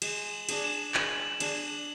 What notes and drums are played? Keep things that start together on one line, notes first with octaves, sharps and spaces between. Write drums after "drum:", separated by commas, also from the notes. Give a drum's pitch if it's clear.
G#3 E7, drum: cymbal
F#7
D4 G#4, drum: cymbal
E7
G#3 F#7, drum: clap
D4 G#4 E7, drum: cymbal